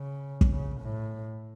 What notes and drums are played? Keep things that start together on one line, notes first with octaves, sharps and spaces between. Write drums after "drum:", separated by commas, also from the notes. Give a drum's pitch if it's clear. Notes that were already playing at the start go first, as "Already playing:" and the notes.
Already playing: C#3
drum: kick
C#3
A2